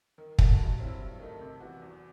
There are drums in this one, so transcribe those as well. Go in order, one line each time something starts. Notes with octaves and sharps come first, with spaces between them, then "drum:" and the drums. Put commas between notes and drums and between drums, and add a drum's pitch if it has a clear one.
D#3
A3 D#4 F#4, drum: kick
G2
F#3 C4 E4
G2
D#3 A3 D#4
C3
E3 B3 F#4
E2